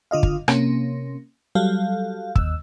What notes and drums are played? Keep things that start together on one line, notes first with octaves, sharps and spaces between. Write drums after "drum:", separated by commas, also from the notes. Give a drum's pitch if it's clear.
D3 F4 D#5 F5
drum: kick
C3 A#3 C#4, drum: rim click
F#3 G3 A4 F5
D#2 E6, drum: kick